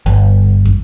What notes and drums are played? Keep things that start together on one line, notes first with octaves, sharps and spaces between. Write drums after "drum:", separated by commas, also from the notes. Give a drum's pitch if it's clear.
G1
drum: kick